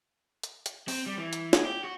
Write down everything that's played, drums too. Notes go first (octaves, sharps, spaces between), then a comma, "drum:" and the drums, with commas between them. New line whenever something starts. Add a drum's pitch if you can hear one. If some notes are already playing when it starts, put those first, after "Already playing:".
drum: hi-hat
drum: hi-hat
C4, drum: open hi-hat
G3
E3
drum: hi-hat
G#4, drum: snare
G4
F#4